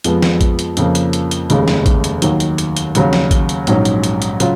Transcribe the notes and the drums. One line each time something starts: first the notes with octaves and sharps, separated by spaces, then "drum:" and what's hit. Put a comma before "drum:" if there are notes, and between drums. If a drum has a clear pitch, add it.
F2 F3 G#3 B3, drum: hi-hat
drum: snare
drum: kick A1, hi-hat
drum: hi-hat
F2 C#3 F3 A#3, drum: hi-hat
drum: hi-hat
drum: hi-hat
drum: hi-hat
F1 D#2 C#3 G#3, drum: hi-hat
drum: snare
drum: kick A1, hi-hat
drum: hi-hat
D#2 D#3 F#3, drum: hi-hat
drum: hi-hat
drum: hi-hat
drum: hi-hat
D#2 C#3 F#3, drum: hi-hat
drum: snare
drum: kick A1, hi-hat
drum: hi-hat
A#1 G#2 F#3 C#4, drum: hi-hat
drum: hi-hat
drum: hi-hat
drum: hi-hat
C#3 F#3 F4, drum: hi-hat